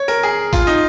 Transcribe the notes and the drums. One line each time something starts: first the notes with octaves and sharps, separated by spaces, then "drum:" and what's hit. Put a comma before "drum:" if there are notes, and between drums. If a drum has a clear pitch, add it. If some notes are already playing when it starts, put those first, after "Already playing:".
Already playing: C#5
A#4
G#4
F4, drum: kick, tambourine
D#4